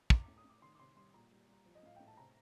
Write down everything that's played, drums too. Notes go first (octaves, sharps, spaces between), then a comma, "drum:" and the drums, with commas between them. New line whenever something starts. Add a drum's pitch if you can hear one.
A2 D6, drum: kick
A2 D6
D#6
A2 D6
D#3 C6
D6
C3 C6
G3 C6
A#2 A#5
G3
G3
F3
D#5
A2 F5
A2 G5
A5
C3 A#5